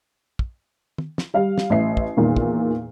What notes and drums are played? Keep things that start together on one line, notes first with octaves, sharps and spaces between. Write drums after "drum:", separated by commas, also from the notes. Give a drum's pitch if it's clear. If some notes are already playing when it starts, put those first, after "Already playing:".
drum: kick
drum: tom
drum: snare
G3 F5
drum: snare
A1 E5 C7
drum: kick
E2 A#2 D#3
drum: kick